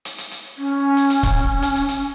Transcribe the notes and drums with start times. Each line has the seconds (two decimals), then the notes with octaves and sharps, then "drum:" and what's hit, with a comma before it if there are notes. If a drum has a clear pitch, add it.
0.05 drum: hi-hat
0.18 drum: hi-hat
0.31 drum: hi-hat
0.58 C#4
0.97 drum: hi-hat
1.10 drum: hi-hat
1.23 drum: kick C#1, hi-hat
1.62 drum: hi-hat
1.76 drum: hi-hat
1.89 drum: hi-hat